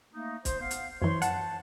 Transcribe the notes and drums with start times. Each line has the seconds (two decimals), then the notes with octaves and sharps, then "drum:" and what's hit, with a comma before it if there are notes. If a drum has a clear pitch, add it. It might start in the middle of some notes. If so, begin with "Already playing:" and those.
0.14 A3 A#3 D#4
0.45 C5, drum: kick, hi-hat
0.60 B3 F5
0.71 drum: hi-hat
1.02 F#2 E3 C5 C#5 C6
1.22 F#5 A5, drum: hi-hat